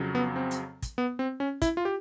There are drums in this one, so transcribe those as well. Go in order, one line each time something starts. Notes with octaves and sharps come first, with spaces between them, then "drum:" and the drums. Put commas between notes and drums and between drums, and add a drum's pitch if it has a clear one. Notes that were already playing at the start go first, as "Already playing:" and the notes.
Already playing: F2 C#3 F#3
B3
C4
drum: hi-hat
drum: kick, hi-hat
B3
C4
C#4
E4, drum: kick, hi-hat
F4
G4